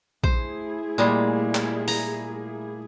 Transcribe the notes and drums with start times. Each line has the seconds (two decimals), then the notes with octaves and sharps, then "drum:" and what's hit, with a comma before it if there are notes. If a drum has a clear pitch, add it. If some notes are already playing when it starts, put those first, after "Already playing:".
0.24 A3 E4 G#4 C5, drum: kick
0.98 A#2 G3 G#3 A#3
1.55 drum: clap
1.88 A#5, drum: open hi-hat